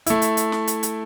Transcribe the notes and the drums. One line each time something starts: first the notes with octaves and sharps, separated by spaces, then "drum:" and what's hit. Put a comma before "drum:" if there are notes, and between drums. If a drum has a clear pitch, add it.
A3 E4, drum: hi-hat
drum: hi-hat
drum: hi-hat
drum: snare
drum: hi-hat
drum: hi-hat